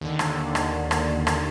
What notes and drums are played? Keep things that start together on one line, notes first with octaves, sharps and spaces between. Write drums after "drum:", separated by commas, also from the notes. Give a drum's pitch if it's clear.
D#2 D3
drum: rim click
drum: rim click
drum: rim click
drum: rim click